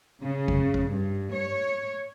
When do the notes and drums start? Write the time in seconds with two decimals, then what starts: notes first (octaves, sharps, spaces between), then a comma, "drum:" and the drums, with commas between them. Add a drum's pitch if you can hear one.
0.22 C#3
0.48 drum: kick G#1
0.74 drum: kick G#1
0.91 G2
1.33 C#5